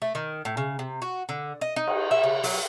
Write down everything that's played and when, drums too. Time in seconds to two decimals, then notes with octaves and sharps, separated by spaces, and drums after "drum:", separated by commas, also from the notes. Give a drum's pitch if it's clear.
0.02 A3
0.15 D#3
0.45 A2
0.57 C#3
0.79 C3
1.02 F#4
1.29 D3
1.61 D#5
1.76 D#4
1.87 drum: cymbal
2.11 E5
2.24 C#3
2.44 F#3, drum: open hi-hat